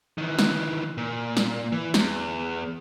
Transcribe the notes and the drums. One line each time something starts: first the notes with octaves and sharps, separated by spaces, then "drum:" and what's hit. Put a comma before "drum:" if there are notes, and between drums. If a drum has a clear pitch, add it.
D#3 E3
drum: snare
A#2
drum: snare
E3
E2, drum: snare